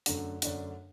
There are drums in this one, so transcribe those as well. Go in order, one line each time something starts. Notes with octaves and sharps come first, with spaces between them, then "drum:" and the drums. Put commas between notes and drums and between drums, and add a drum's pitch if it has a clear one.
F#2 D3 A3 D4, drum: hi-hat
F#2 D3 A3 D4, drum: hi-hat